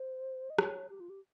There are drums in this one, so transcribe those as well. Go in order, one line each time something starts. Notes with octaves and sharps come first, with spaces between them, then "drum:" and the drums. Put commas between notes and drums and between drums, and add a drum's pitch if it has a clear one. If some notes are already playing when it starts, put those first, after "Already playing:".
Already playing: C5
D#5
C#5, drum: rim click
G4
F4
G4